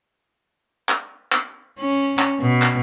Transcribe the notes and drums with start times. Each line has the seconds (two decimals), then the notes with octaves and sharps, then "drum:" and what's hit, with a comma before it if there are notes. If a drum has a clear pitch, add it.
0.89 drum: clap
1.32 drum: clap
1.79 C#4
2.19 drum: clap
2.40 B2
2.62 drum: clap